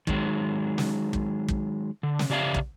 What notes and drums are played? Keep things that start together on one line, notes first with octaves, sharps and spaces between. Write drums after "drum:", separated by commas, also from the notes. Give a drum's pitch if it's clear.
D#3 F#3 G#3, drum: kick
drum: snare
drum: kick
drum: kick
D3
drum: snare
C#3 G4 D5 E5 F5
drum: kick